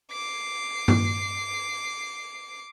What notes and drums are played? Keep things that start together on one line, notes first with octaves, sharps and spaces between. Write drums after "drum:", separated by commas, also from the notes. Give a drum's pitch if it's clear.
D6 C7
drum: tom G2